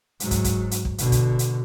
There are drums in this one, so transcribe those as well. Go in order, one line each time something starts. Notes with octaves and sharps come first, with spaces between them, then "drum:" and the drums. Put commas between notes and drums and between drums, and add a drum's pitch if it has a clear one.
G#2 F#3, drum: hi-hat
drum: kick, hi-hat
drum: kick, hi-hat
drum: hi-hat
drum: kick
B2 D3, drum: hi-hat
drum: kick, hi-hat
drum: hi-hat